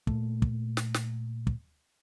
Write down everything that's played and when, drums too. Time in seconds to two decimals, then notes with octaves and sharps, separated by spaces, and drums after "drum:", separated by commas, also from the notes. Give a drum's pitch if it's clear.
0.07 A#2 A3, drum: kick
0.42 drum: kick
0.77 drum: snare
0.94 drum: snare
1.47 drum: kick